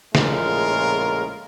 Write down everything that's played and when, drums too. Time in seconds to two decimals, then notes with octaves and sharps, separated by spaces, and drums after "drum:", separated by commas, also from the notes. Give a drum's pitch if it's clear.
0.15 A#1 A2 C#3 G#3 F4 A#4, drum: snare